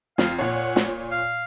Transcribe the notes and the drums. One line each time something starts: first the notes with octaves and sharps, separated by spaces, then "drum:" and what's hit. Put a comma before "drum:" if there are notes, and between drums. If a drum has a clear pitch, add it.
F2 F5, drum: snare
A#2 C#5 F#5
drum: snare
F5